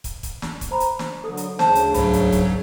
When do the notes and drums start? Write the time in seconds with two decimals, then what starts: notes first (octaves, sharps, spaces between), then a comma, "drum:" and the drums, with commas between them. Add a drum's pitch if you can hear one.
0.04 drum: kick, hi-hat
0.23 drum: kick, hi-hat
0.42 drum: snare
0.61 drum: kick, hi-hat
0.71 C5 A#5 B5
0.80 drum: hi-hat
0.99 drum: snare
1.24 D3 F#3 A4 D#6
1.37 drum: hi-hat
1.59 D2 C#3 C5 A5, drum: snare
1.75 drum: hi-hat
1.94 C2 G#2 F#3 B5, drum: hi-hat
2.13 drum: hi-hat
2.32 drum: kick, hi-hat